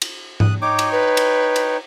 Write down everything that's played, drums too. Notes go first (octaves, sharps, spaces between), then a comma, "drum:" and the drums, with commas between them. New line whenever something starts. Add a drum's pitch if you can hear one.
drum: cymbal
D#6 F#6, drum: tom G#2
D#4 C#5 G5 D6
drum: cymbal
B4
drum: cymbal
drum: cymbal